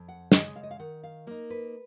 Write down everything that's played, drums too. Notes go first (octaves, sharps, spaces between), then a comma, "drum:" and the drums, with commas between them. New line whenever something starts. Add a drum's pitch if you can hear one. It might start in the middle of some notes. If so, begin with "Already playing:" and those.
Already playing: F2
F#5
C#3 G#3 D#5, drum: snare
F5
D#5
F5
D#3 F#5
F5
A#3 D#4 A#4
B4